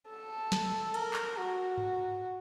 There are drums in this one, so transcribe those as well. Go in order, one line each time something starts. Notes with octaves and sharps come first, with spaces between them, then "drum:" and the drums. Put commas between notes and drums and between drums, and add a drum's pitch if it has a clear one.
A4
drum: snare
A#4, drum: cymbal
drum: clap
F#4
drum: tom G#2